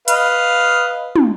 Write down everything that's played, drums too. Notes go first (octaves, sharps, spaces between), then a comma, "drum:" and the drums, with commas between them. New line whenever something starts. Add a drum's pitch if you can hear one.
B4 D#5 F5, drum: hi-hat
drum: tom